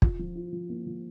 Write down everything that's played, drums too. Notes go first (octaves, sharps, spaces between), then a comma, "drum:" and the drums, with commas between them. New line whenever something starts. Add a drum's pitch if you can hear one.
F4, drum: kick
F3
F4
F3
A#3
F3